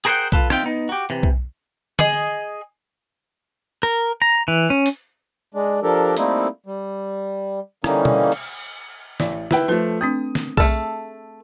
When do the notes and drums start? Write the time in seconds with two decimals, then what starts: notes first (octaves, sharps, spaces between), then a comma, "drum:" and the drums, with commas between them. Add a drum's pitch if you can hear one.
0.05 G#4 A#4 C5 D5 F#5 G5
0.32 F4 A4 B4, drum: kick B1
0.50 C4 D#4 F4 E5 G5, drum: rim click
0.63 B3 D#4
0.89 F#4 G4
1.10 C3 E3
1.23 drum: kick B1
1.99 G#4 D#5, drum: tom D3
3.83 A#4
4.22 A#5
4.48 E3
4.70 C#4
4.86 drum: hi-hat
5.54 G#3 D4
5.83 F3 D4 G4 A4 A#4
6.17 G3 A3 A#3 C4 D#4 E4, drum: hi-hat
6.66 G3
7.84 D3 E3 G3 A#3 C#4 D#4, drum: rim click
8.05 drum: tom B2
8.32 drum: cymbal
9.20 A1 D5, drum: snare
9.51 E4 B4 G5, drum: snare
9.68 F3 A3 A4 B4
10.01 A3 C4 D4 D#6
10.35 drum: snare
10.57 A3 G#4 A4, drum: kick B1